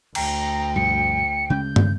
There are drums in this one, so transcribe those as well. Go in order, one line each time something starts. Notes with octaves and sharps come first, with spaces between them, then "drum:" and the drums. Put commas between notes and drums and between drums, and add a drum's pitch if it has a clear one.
D2 G5 A#5, drum: cymbal
G2 B2 F3 C#7
C#3 G#3 C#4 G6
drum: tom